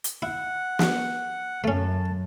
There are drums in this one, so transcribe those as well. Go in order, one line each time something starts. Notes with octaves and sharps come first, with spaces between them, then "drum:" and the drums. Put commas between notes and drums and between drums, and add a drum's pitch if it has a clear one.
drum: hi-hat
E4 F#5
drum: snare
F#2 A3 C#4 A5